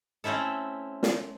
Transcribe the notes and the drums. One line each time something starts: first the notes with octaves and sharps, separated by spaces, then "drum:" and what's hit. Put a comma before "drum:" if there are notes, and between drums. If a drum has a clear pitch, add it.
A3 C4 C#4 E4 A4
drum: snare